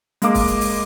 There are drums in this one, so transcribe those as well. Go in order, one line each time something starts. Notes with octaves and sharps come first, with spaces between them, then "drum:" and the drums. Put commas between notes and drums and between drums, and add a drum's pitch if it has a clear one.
G#3 A#3 D6, drum: hi-hat
drum: kick, open hi-hat
drum: hi-hat
drum: open hi-hat